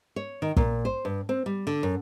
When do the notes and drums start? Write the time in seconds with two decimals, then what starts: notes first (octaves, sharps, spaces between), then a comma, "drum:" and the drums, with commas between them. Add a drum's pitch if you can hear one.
0.16 C#5
0.42 D#3
0.57 A#2, drum: kick
0.85 C5
1.05 G2
1.29 C4
1.46 G3
1.67 D3
1.83 F#2